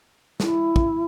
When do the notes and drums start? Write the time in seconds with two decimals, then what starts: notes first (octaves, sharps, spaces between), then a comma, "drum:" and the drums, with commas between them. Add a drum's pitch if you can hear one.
0.40 E4, drum: snare
0.76 drum: kick